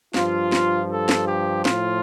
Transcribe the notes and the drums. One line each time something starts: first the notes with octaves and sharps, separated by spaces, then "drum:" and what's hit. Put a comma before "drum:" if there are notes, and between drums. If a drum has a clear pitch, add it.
G2 F3 F4, drum: snare
drum: snare
A4
drum: snare
G4
A2 F3 F4, drum: snare